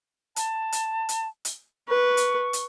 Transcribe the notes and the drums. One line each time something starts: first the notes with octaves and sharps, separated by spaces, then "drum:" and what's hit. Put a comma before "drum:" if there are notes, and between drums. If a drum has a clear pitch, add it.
A5, drum: hi-hat
drum: hi-hat
drum: hi-hat
drum: hi-hat
B4 C#6
drum: hi-hat
drum: hi-hat